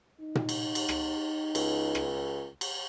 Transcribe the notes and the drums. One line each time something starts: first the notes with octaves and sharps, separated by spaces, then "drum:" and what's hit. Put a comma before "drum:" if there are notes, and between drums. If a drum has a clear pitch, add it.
D#4
drum: tom A#2
drum: cymbal
drum: cymbal
drum: rim click
C#2, drum: cymbal
drum: rim click
drum: cymbal